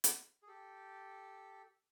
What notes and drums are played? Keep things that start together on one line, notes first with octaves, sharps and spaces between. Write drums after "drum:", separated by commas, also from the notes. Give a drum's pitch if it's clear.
drum: hi-hat
G#4
G4 A4